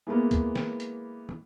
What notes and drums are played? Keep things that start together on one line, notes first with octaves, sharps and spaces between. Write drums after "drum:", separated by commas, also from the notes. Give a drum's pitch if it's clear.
E3 G#3 A#3 B3
drum: kick, hi-hat
drum: snare
drum: hi-hat
drum: tom